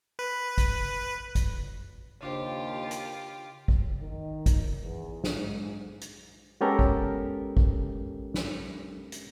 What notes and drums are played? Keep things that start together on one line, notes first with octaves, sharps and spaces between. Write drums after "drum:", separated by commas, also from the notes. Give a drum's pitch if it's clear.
B4
drum: kick, hi-hat
drum: kick, hi-hat
D#2 C#3 D4 F4 G4 C5
drum: hi-hat
drum: kick
D#3
drum: kick, hi-hat
E2
drum: snare
G#2
drum: hi-hat
G#3 B3 C#4 G4 A4 A#4
drum: kick
drum: kick
drum: snare
drum: hi-hat